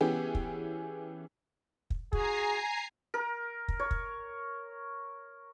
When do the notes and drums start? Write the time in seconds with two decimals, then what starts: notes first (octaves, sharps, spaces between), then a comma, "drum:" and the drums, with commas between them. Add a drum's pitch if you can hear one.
0.01 E3 B3 C#4 G4 G#4
0.35 drum: kick
1.90 drum: kick
2.13 F#4 G#4 G#5 A#5 C7, drum: kick
3.14 A#4
3.68 drum: kick
3.80 C#5
3.91 drum: kick